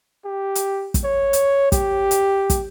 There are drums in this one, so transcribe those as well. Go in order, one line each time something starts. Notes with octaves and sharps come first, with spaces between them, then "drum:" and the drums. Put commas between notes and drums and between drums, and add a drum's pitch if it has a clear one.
G4
drum: hi-hat
drum: kick, hi-hat
C#5
drum: hi-hat
G4, drum: kick, hi-hat
drum: hi-hat
drum: kick, hi-hat